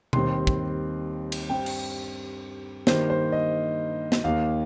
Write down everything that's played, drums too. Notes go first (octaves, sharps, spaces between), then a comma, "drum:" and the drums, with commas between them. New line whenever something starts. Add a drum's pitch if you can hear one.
D#2 D#3 G3 C4 C6, drum: tom B2
drum: kick
drum: cymbal
G2 G3 C4 G5
drum: cymbal
G2 D#3 A#3 C5, drum: snare
C5
D#5
drum: snare
D#2 D#3 A#3 F5